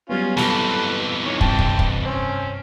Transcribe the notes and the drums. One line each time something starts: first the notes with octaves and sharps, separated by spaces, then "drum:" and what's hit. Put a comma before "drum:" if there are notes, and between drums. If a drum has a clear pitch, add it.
F#3 G3 B3 C#4 F4
F2 E3 A4 B4, drum: snare
D#3 C#5
G2 C3 G5 A5, drum: kick
drum: kick
drum: kick
C4 C#4